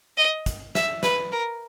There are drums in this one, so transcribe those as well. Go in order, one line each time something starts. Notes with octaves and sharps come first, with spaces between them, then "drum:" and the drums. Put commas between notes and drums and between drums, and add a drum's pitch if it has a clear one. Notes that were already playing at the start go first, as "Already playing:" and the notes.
D#5
drum: kick, hi-hat
E5, drum: snare
B4, drum: snare
A#4